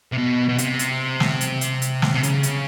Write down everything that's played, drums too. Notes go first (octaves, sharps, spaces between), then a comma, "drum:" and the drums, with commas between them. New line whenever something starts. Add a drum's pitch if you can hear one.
C3
B2
B2
C3, drum: hi-hat
drum: hi-hat
drum: snare
drum: hi-hat
drum: hi-hat
drum: hi-hat
drum: snare
C3
C#3, drum: hi-hat
drum: hi-hat